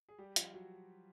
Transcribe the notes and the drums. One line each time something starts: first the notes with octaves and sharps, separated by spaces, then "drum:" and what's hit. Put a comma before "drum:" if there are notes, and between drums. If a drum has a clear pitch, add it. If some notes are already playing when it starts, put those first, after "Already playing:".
G#4
G3 G4
F3 F4, drum: hi-hat
F#3 F#4